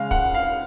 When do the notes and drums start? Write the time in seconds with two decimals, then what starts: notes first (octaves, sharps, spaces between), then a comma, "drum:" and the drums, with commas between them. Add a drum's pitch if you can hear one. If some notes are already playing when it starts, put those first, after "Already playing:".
Already playing: C#3 G#3 F5
0.11 F#5, drum: kick
0.34 F5